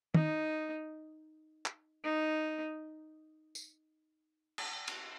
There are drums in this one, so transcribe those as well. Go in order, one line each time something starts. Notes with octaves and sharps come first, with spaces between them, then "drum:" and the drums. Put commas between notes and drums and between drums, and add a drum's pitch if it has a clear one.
D#4, drum: tom
drum: clap
D#4
drum: tambourine
drum: cymbal
drum: cymbal